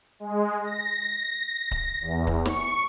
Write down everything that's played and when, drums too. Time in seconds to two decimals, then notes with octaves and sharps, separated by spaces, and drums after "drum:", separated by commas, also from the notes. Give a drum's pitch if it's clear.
0.20 G#3
0.64 A#6
1.71 drum: kick C#1
2.01 E2
2.27 drum: kick C#1
2.46 C#6, drum: snare